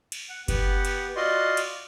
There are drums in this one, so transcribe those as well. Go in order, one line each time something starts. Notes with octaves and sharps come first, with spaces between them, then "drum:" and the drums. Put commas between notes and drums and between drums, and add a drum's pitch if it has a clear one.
drum: cymbal
F#5
B3 G4 F#5, drum: kick F#1, cymbal
drum: cymbal
F4 F#4 D5 D#5 C6
drum: cymbal